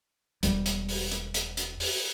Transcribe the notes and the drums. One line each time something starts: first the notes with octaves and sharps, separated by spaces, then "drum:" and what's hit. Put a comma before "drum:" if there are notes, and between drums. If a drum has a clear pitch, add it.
E1 G3, drum: hi-hat
drum: hi-hat
drum: open hi-hat
drum: hi-hat
drum: hi-hat
drum: hi-hat
drum: open hi-hat